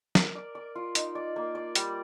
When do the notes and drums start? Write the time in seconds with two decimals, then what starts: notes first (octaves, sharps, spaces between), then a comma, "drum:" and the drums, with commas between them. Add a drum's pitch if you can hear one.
0.15 A#4, drum: snare
0.35 D5
0.55 D5
0.75 F4
0.95 D#4, drum: hi-hat
1.15 D5
1.36 A#3
1.55 D5
1.75 G3, drum: hi-hat